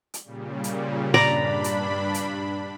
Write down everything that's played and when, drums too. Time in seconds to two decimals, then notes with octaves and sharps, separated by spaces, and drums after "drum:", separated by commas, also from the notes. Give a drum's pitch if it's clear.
0.14 drum: hi-hat
0.23 A#2 C#3 G3
0.64 drum: hi-hat
1.14 G2 D4 D5 A#5 B5, drum: snare
1.64 drum: hi-hat
2.14 drum: hi-hat